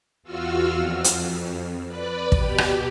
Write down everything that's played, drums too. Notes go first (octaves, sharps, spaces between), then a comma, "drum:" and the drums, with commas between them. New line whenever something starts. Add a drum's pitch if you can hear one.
E2 F4 F#4 E6 F6
F2
drum: hi-hat
B4 D5 B5
B2 G4, drum: kick
drum: rim click